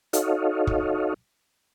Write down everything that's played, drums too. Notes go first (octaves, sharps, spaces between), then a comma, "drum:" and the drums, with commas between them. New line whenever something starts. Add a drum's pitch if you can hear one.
D#4 F#4 A4 C#5 D#5 F5, drum: hi-hat
drum: kick